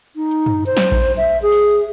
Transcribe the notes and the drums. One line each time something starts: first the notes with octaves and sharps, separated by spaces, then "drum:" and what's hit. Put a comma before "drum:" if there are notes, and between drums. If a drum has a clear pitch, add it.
D#4
drum: hi-hat
drum: tom
C5
drum: snare
drum: kick A#1
E5
G#4
drum: open hi-hat